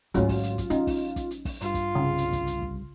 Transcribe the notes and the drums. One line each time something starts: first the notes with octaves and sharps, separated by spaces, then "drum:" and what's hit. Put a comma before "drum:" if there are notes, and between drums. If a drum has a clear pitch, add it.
D2 G#2 F#3 C#4 F4, drum: hi-hat
drum: kick, open hi-hat
drum: hi-hat
drum: kick, hi-hat
C#4 D#4, drum: hi-hat
drum: kick, open hi-hat
drum: kick, hi-hat
drum: hi-hat
drum: kick, open hi-hat
G2 F4, drum: hi-hat
drum: kick, hi-hat
C2 C#3
drum: hi-hat
drum: kick, hi-hat
drum: hi-hat
drum: kick